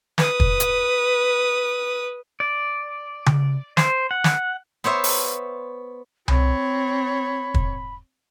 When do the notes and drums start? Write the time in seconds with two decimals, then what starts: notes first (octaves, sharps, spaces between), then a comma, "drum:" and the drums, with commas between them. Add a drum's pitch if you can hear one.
0.18 B4 D#6, drum: snare
0.40 drum: kick
0.60 drum: hi-hat
2.40 D5
3.26 drum: tom C#3
3.77 C5, drum: snare
4.11 F#5
4.24 drum: snare
4.84 B3 C5 C#5 E5
5.04 drum: open hi-hat
6.28 C4 C#5 B5, drum: tom C2
7.54 drum: kick